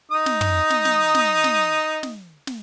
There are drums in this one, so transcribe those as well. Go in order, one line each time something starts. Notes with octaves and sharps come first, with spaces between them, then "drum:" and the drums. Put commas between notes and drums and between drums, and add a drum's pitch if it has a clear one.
D#4 D#6
drum: snare
drum: tom
drum: snare
drum: snare
drum: snare
drum: snare
drum: snare
drum: snare